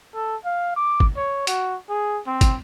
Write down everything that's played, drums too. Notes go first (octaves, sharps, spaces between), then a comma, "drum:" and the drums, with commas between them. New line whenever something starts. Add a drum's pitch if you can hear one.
A4
F5
D6
drum: kick
C#5
F#4, drum: hi-hat
G#4
C4
drum: kick, hi-hat